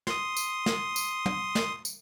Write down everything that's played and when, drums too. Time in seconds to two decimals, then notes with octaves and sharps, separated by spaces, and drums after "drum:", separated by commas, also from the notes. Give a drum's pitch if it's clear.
0.07 C6 D#6, drum: snare
0.37 drum: tambourine
0.66 drum: snare
0.96 drum: tambourine
1.26 drum: tom
1.55 drum: snare
1.85 drum: tambourine